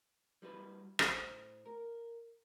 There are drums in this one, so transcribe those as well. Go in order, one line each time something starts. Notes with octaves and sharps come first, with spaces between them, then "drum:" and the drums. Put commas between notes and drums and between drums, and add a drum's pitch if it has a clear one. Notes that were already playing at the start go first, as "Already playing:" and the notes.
G3 E4 F#4 B4
A2 C5, drum: rim click
A#4